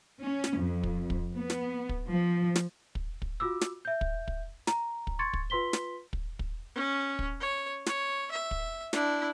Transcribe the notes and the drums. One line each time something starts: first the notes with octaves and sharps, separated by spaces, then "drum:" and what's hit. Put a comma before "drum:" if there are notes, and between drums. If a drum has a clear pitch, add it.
C#4
drum: snare
F2
drum: kick
drum: kick
B3
drum: snare
drum: kick
F3
drum: snare
drum: kick
drum: kick
F4 F#4 D6 E6
drum: snare
E5 G6
drum: kick
drum: kick
A#5, drum: snare
drum: kick
C6 C#6 G#6 A6 C#7
drum: kick
F4 B4 C6 B6 G7
drum: snare
drum: kick
drum: kick
C#4
drum: kick
C#5
C#5, drum: snare
E5
drum: kick
D4 E4, drum: snare